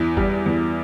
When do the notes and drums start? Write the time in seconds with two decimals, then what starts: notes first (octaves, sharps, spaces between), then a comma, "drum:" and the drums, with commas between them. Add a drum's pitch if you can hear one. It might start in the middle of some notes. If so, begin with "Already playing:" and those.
Already playing: E2 E4
0.17 G3, drum: kick
0.46 E2